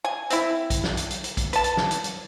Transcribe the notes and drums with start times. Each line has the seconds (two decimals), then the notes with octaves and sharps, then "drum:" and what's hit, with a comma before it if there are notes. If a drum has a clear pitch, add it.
0.04 G#5
0.30 C4 E4, drum: hi-hat
0.70 drum: kick A#1, hi-hat
0.84 drum: snare
0.97 drum: hi-hat
1.10 drum: hi-hat
1.24 drum: hi-hat
1.37 drum: kick A#1, hi-hat
1.53 B4 A5, drum: hi-hat
1.64 drum: hi-hat
1.77 drum: snare
1.91 drum: hi-hat
2.04 drum: hi-hat